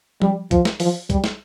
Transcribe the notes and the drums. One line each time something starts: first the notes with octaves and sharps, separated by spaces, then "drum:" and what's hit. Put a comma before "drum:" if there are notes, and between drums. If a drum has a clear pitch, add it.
G3, drum: tom F3
F3, drum: kick B1, hi-hat
drum: snare
F3, drum: open hi-hat
G3, drum: kick B1, hi-hat
drum: snare